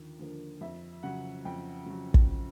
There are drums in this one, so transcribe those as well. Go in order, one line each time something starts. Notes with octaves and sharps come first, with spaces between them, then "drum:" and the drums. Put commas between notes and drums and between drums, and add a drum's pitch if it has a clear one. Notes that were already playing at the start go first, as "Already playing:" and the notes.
Already playing: D#2 D3 F3 A#3
D3 F3 A#3
F2 E5
C#3 F#3 F#5
F2 G5
C#3 F#3
drum: kick